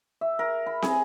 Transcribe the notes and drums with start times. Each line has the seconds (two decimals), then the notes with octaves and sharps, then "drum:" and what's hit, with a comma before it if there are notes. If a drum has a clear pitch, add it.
0.21 E5
0.39 A#4
0.66 B5
0.82 G#4, drum: snare